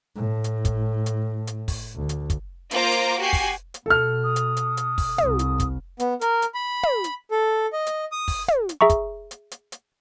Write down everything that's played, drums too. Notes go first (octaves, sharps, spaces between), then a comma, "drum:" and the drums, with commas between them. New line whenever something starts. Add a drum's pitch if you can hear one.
A2
drum: hi-hat
drum: kick, hi-hat
drum: hi-hat
drum: hi-hat
drum: kick, open hi-hat
D2
drum: hi-hat
drum: kick, hi-hat
A#3 F4 C5 A#5 D6, drum: hi-hat
drum: hi-hat
F#4 G4 G#5 C7
drum: kick, open hi-hat
drum: hi-hat
B2 A4 F6
D#6
drum: hi-hat
drum: hi-hat
drum: hi-hat
drum: kick, open hi-hat
C2, drum: tom
drum: hi-hat
drum: kick, hi-hat
B3, drum: hi-hat
A#4, drum: hi-hat
drum: hi-hat
B5
drum: tom
drum: hi-hat
A4
D#5
drum: hi-hat
D#6
drum: kick, open hi-hat
drum: tom
drum: hi-hat
G#4 E5 A#5 C#6
drum: kick, hi-hat
drum: hi-hat
drum: hi-hat
drum: hi-hat